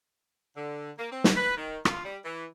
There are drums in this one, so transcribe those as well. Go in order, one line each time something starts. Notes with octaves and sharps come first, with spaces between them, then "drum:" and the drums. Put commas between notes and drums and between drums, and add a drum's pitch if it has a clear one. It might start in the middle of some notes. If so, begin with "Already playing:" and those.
D3
A#3
C4
drum: snare
B4
D#3
F4, drum: rim click
G3
E3